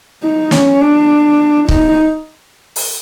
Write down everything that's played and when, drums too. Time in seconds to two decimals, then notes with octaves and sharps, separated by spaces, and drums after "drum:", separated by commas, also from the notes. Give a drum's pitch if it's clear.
0.23 D#4
0.51 C#4, drum: snare
0.81 D4
1.69 D#4, drum: kick
2.76 drum: open hi-hat